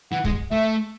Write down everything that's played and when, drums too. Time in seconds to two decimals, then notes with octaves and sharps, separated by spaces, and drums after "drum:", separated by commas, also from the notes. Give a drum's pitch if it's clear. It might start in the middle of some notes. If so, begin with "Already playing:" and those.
0.11 E3 F#5
0.25 G#3, drum: kick
0.50 A3 E5